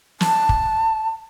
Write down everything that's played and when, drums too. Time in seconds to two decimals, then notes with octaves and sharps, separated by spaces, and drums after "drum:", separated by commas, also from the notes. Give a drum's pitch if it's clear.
0.21 A5, drum: snare
0.49 drum: kick